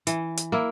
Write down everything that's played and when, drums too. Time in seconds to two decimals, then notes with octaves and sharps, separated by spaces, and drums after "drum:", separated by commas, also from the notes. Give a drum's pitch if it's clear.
0.07 E3, drum: hi-hat
0.37 drum: hi-hat
0.52 A#3 E4